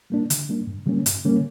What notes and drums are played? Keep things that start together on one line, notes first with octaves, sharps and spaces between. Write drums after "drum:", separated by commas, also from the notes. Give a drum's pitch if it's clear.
G3 A#3 D4
D3, drum: hi-hat
G3 A#3 D4
G2
D3 G3 A#3 C#4
G2, drum: hi-hat
D3 G3 A#3 C#4